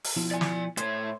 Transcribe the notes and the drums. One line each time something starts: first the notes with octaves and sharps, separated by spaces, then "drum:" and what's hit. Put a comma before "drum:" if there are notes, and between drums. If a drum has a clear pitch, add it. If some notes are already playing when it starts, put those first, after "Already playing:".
drum: open hi-hat
B2 F3 E4
D5 G#5
drum: snare
A2 C5 C#5, drum: hi-hat